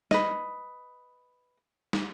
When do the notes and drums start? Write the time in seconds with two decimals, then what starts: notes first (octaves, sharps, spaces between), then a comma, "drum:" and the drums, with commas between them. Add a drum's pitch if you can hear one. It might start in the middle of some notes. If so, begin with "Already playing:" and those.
0.11 B4 D#5, drum: snare
1.93 drum: snare